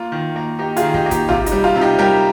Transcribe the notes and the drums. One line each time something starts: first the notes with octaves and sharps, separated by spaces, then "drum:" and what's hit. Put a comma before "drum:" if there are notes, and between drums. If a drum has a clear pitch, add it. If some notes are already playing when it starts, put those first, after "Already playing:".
Already playing: A#3 F4
D#3
A#3
A#3 D#4 G4
F4 G#4, drum: hi-hat
D#3
D#4 G4, drum: kick
A#3
D#4 G4, drum: kick, hi-hat
C3 F4, drum: tom
D#4, drum: hi-hat
G3
F4
C3
D#4 G4
G3 G4 A#4